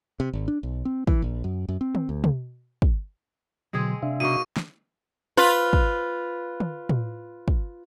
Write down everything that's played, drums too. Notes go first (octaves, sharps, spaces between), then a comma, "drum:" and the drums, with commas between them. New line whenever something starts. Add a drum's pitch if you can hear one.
C3
G#1
D4
B1
C4
E3, drum: kick
A#1
F#2
F#2
C4
drum: tom
D2
drum: tom
drum: kick
B2 D3 F#3 G#3 C4 G#4
C3 D4 E5 F5
B2 A#3 D#4 C#6 D#7
drum: snare
F4 B4
drum: kick
drum: tom
drum: tom
drum: kick